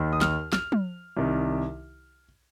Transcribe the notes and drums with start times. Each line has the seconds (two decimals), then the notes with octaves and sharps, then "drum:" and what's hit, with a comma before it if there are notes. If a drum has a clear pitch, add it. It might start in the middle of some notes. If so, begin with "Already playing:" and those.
Already playing: D#2 D#3
0.13 D#6
0.21 F6, drum: snare
0.53 F6, drum: snare
0.72 drum: tom
1.17 C2 C3 D#3